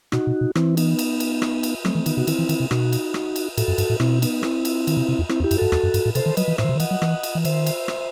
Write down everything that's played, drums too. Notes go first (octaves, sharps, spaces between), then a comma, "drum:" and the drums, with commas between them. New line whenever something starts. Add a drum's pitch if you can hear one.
B2 D#4 F#4, drum: rim click
B2
B2
E3 C4 E4, drum: rim click
B3 D#4, drum: cymbal
drum: cymbal
drum: cymbal
drum: rim click
drum: cymbal
F#3 A3 C4, drum: rim click
E3
C4
D#3 B3 D#4, drum: cymbal
C3 F#4
D#3 C4 E4, drum: cymbal
E3
D#3, drum: cymbal
C3
B2 D#4 F#4, drum: rim click
drum: cymbal
drum: rim click
drum: cymbal
A2 F#4 A4, drum: cymbal
F#2
G2, drum: cymbal
A2
B2 C4 E4, drum: rim click
B3 D#4, drum: cymbal
C4 E4, drum: rim click
drum: cymbal
D#3, drum: cymbal
C3
C3
E2
C4 E4, drum: rim click
E2
E4 G4
F#2, drum: cymbal
G2 F#4 A4
E2, drum: rim click
F#2
G2, drum: cymbal
A2
C3 A4 C5, drum: cymbal
D#3
F#3 B4 D#5, drum: cymbal
E3
A2 C5 E5, drum: rim click
D#3
C3
D#3
E3 D#5 F#5, drum: cymbal
F#3
E3, drum: rim click
drum: cymbal
E3
D#3 C5 E5, drum: cymbal
drum: cymbal
drum: rim click